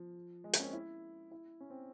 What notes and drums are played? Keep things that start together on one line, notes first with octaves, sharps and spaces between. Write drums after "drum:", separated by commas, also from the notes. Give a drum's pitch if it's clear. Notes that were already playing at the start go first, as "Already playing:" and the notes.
Already playing: F3
G#3
A#3, drum: hi-hat
C#4
C4
E4
E4
C#4
C4